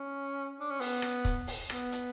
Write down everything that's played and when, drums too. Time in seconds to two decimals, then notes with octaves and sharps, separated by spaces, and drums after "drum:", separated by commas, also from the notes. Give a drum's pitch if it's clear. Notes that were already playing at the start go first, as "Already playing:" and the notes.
Already playing: C#4
0.60 D4
0.70 C#4
0.80 B3, drum: open hi-hat
1.02 drum: rim click
1.25 drum: kick, hi-hat
1.47 drum: open hi-hat
1.70 B3, drum: rim click
1.92 drum: hi-hat